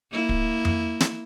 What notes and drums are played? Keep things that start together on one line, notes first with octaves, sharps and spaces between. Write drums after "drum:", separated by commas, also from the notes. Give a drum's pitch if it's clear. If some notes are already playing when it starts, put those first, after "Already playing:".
A#3 E4
drum: kick
drum: tom F2
drum: snare